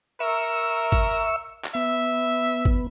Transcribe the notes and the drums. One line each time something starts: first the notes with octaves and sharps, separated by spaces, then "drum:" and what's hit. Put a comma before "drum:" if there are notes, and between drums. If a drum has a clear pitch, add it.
A#4 E5 C#6 E6
drum: kick G1
drum: clap
B3 E5
drum: kick G1